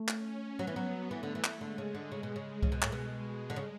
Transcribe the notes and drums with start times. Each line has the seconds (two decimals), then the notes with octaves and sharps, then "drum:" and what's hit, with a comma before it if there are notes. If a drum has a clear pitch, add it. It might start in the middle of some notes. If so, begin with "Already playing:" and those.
Already playing: A3
0.08 C#4, drum: clap
0.59 F#3 B3
0.67 E3
0.76 F#3
1.10 E3 A3
1.23 D3
1.35 E3
1.44 drum: clap
1.61 D3 G#3
1.78 C#3
1.95 D3
2.12 C#3
2.23 B2
2.36 C#3
2.62 C#3 G#3, drum: kick C2
2.72 B2
2.82 A2, drum: clap
2.92 B2
3.14 G#3
3.50 D3
3.56 C#3